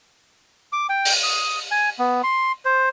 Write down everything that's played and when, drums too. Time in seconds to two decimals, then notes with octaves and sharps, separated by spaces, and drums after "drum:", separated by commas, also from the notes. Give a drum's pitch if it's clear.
0.72 D6
0.89 G5
1.05 drum: open hi-hat
1.23 D#6
1.71 G#5
1.99 B3
2.23 C6
2.65 C5